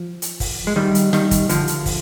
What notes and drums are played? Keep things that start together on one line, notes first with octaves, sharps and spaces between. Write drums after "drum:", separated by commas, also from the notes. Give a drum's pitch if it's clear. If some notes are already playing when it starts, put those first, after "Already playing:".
Already playing: F3
drum: hi-hat
drum: kick, open hi-hat
G#3
D#3 G3
drum: hi-hat
D#3 G3, drum: snare
drum: kick, hi-hat
D3 F3, drum: hi-hat
drum: hi-hat
drum: kick, open hi-hat